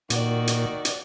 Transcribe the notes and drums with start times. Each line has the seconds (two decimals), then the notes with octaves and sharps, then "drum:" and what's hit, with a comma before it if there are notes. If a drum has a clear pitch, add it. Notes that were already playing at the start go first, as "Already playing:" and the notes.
0.10 A#2 D#3 F#4 D5, drum: hi-hat
0.47 drum: hi-hat
0.85 drum: hi-hat